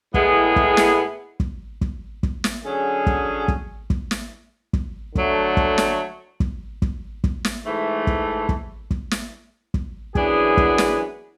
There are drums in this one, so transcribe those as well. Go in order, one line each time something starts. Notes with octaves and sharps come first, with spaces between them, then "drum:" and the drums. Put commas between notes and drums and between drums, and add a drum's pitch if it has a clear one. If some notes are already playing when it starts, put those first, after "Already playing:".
A2 G#3 B3 E4 G#4, drum: kick
drum: kick
drum: snare
drum: kick
drum: kick
drum: kick
drum: snare
D3 F#3 C#4 G#4
drum: kick
drum: kick
drum: kick
drum: snare
drum: kick
D3 F#3 A3, drum: kick
drum: kick
drum: snare
drum: kick
drum: kick
drum: kick
drum: snare
G#2 E3 A3
drum: kick
drum: kick
drum: kick
drum: snare
drum: kick
F#2 E3 B3 D4 G#4, drum: kick
drum: kick
drum: snare